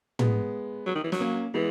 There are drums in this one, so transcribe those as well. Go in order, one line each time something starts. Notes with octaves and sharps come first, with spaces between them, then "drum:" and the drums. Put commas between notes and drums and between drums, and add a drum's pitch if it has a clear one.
G#3 B3, drum: tom
F#3
D#3
E3
F#3, drum: snare
A#3 C#4
E3 G#3 B3